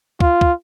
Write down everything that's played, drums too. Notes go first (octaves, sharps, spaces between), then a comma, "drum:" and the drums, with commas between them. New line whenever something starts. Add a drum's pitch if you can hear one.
F4, drum: kick
drum: kick